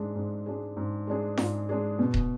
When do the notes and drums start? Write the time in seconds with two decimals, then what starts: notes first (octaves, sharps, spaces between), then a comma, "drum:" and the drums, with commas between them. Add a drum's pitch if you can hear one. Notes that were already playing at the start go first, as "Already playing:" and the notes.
Already playing: G#2 G#3 D4 G#4
0.15 G#2
0.46 G#3 D4 G#4
0.77 G#2
1.07 G#3 D4 G#4
1.37 G#2, drum: snare
1.69 G#3 D4 G#4
1.99 B2
2.14 drum: kick D#1